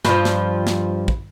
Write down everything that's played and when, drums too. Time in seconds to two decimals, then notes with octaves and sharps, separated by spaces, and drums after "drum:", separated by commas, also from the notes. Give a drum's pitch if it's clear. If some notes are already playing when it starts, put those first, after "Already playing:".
0.05 G2 F3, drum: snare
0.25 drum: snare
0.67 drum: snare
1.08 drum: kick